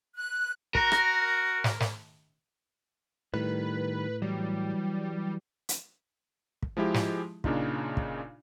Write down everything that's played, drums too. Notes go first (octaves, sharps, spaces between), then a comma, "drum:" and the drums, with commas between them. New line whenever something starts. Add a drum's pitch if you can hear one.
F#6
F#4 A#4, drum: kick
drum: rim click
drum: snare
drum: snare
A2 D#3 G3 B4
E3 F#3 G3
drum: hi-hat
drum: kick
F3 G#3 E4 G4
drum: snare
A#2 C#3 D4 D#4 F4, drum: kick
drum: kick